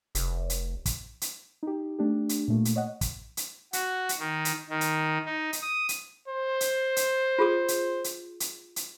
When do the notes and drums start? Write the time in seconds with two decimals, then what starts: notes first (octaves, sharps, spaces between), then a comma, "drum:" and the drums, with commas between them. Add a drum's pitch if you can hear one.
0.15 F1, drum: hi-hat
0.50 drum: hi-hat
0.86 drum: kick, hi-hat
1.21 drum: hi-hat
1.63 D#4 G4
1.99 A3 D4 G4
2.29 drum: hi-hat
2.48 A#2 A3 A#3
2.65 drum: hi-hat
2.76 C#5 D#5 F#5
3.01 drum: kick, hi-hat
3.37 drum: hi-hat
3.73 F#4, drum: hi-hat
4.09 drum: hi-hat
4.19 D#3
4.45 drum: hi-hat
4.70 D#3
4.81 drum: hi-hat
5.26 D#4
5.53 drum: hi-hat
5.62 D#6
5.89 drum: hi-hat
6.28 C5
6.61 drum: hi-hat
6.96 drum: hi-hat
7.39 F4 G#4 D#6
7.68 drum: hi-hat
8.04 drum: hi-hat
8.40 drum: hi-hat
8.76 drum: hi-hat